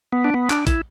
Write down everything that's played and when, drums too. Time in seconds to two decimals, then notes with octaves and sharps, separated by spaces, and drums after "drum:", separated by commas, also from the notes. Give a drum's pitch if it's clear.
0.12 B3
0.24 D4
0.34 B3
0.50 D4, drum: clap
0.67 E4, drum: kick, hi-hat